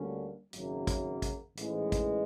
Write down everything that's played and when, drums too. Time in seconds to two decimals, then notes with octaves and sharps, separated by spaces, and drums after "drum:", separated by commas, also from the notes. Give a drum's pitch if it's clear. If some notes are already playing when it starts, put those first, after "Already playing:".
Already playing: D2 D3 G3 A#3 C#4
0.53 G#1 F#2 C#3 F#3 A#3, drum: hi-hat
0.87 drum: kick, hi-hat
1.22 drum: kick, hi-hat
1.57 A1 G#2 E3 G#3, drum: hi-hat
1.92 drum: kick, hi-hat